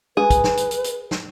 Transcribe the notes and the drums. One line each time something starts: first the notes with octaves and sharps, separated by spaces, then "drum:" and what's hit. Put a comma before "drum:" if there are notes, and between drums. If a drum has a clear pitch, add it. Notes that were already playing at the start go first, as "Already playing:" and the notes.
G#4 B4, drum: tom
drum: kick, hi-hat
drum: snare
drum: hi-hat
drum: hi-hat
drum: hi-hat
drum: snare